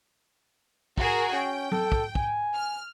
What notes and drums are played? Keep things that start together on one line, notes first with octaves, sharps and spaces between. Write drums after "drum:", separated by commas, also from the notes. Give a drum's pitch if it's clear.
F#4 G#4 A#4, drum: kick
C#4 G5
A4, drum: tom F#3
drum: kick
G#5, drum: kick
F6